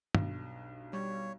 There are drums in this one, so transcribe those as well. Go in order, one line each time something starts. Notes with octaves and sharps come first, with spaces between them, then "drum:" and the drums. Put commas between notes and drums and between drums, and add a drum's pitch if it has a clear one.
B1 G2, drum: tom
G3 C#5